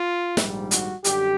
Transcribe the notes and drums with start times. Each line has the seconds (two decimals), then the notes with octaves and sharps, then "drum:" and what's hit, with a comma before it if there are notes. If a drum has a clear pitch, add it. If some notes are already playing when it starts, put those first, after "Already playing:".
Already playing: F4
0.37 A#1 G#2 D#3 G3, drum: snare
0.71 F#4, drum: hi-hat
1.04 F#2 D3 G3 G4, drum: hi-hat